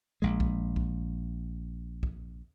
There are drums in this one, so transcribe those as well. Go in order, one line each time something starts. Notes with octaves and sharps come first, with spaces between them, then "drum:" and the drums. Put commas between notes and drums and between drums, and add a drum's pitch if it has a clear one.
A#1 G#3
drum: kick
drum: kick
drum: kick